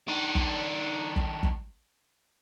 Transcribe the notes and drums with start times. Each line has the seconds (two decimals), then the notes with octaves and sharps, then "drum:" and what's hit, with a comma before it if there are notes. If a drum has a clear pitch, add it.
0.08 D#3 D4
0.35 drum: kick
1.16 drum: kick
1.43 drum: kick